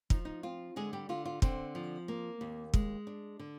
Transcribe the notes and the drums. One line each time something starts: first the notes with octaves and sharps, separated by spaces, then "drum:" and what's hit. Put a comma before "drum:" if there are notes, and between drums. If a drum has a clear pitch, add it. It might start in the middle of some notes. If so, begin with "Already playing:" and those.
F3 D#4, drum: kick
D#4
C4 F4
D3 G#3 G#4
G3 G4
D3 F4
F4
D3 C4 C5, drum: kick
F3
A#3
D#2
G#3, drum: kick
D4
D3